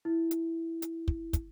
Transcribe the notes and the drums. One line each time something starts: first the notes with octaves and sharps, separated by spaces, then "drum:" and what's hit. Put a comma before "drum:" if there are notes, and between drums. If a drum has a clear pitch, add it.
E4
drum: hi-hat
drum: hi-hat
drum: kick
drum: kick, hi-hat